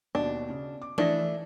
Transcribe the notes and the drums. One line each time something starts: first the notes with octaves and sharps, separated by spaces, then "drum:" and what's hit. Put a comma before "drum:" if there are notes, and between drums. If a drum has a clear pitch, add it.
D#2 B2 D4
C#3
D6
E3 A3 D4 E4 D#6 A#6, drum: tom E3